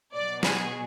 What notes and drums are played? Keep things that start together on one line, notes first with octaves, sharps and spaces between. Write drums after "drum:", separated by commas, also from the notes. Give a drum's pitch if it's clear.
B2 F#3 D5
G#4, drum: snare